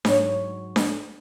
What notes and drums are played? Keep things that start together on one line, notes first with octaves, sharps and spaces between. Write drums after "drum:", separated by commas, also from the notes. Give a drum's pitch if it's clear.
G#2 F#3 C#5, drum: snare D4
drum: snare D4